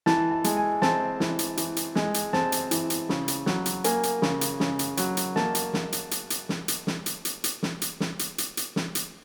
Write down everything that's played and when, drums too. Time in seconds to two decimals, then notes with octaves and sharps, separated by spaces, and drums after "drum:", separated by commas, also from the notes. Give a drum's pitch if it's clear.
0.06 E3 A5, drum: snare
0.31 A5
0.44 G#3, drum: hi-hat
0.57 G#5
0.82 C4 A5, drum: snare
1.20 E3, drum: snare
1.39 drum: hi-hat
1.57 E3, drum: hi-hat
1.76 drum: hi-hat
1.95 G#3, drum: snare
2.14 drum: hi-hat
2.33 C4 A5, drum: snare
2.52 drum: hi-hat
2.71 E3, drum: hi-hat
2.90 drum: hi-hat
3.09 C#3, drum: snare
3.28 drum: hi-hat
3.46 F#3, drum: snare
3.66 drum: hi-hat
3.84 A#3 G#5, drum: hi-hat
4.03 drum: hi-hat
4.22 C#3, drum: snare
4.41 drum: hi-hat
4.60 C#3, drum: snare
4.79 drum: hi-hat
4.97 F#3, drum: hi-hat
5.17 drum: hi-hat
5.36 A#3 A5, drum: snare
5.55 drum: hi-hat
5.74 drum: snare
5.92 drum: hi-hat
6.11 drum: hi-hat
6.30 drum: hi-hat
6.49 drum: snare
6.68 drum: hi-hat
6.87 drum: snare
7.06 drum: hi-hat
7.25 drum: hi-hat
7.44 drum: hi-hat
7.63 drum: snare
7.82 drum: hi-hat
8.00 drum: snare
8.19 drum: hi-hat
8.38 drum: hi-hat
8.57 drum: hi-hat
8.76 drum: snare
8.95 drum: hi-hat